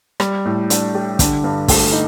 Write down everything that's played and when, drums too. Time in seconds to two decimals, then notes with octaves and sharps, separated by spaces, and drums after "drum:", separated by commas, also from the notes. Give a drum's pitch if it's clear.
0.20 G3, drum: rim click
0.45 A2
0.70 D4, drum: hi-hat
0.95 G4
1.19 D3, drum: kick, hi-hat
1.44 G2
1.68 A3, drum: kick, open hi-hat
1.92 D#4